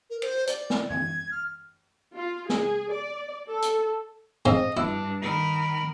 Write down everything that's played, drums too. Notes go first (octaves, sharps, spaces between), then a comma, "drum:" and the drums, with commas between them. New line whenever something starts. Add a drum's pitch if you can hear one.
A#4
C5, drum: cymbal
D5, drum: hi-hat
drum: snare
G#6, drum: tom
F6
F4
G#4, drum: snare
D5
A4
drum: hi-hat
G#2 C4 D#5 F5
G2 D4 E4
D#3 A#4 B5